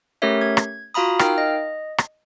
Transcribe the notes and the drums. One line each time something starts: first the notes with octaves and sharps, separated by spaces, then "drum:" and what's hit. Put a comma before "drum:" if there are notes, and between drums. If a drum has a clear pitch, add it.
A3 C#4 G4 A#4 C#5 E5
G#6
drum: rim click
F4 F#4 F5 A#5 B5 D#6
D#4 A#4 F5 G5 F6, drum: rim click
D#5
drum: rim click